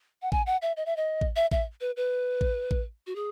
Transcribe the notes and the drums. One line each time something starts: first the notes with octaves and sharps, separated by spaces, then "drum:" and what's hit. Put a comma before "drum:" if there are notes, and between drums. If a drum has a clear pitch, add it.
F#5
G#5, drum: kick A1
F#5
E5
D#5
E5
D#5
drum: kick A1
E5
E5, drum: kick A1
B4
B4
drum: kick A1
drum: kick A1
F#4
G#4